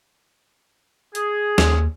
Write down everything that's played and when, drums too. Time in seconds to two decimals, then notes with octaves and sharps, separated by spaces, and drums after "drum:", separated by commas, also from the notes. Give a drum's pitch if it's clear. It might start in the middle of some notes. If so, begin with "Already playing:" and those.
1.15 G#4, drum: hi-hat
1.58 D#2, drum: snare